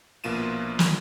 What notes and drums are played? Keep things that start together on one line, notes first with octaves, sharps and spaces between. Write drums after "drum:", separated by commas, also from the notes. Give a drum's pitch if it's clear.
A#1 B2 A#3 F4 D#7 E7
drum: snare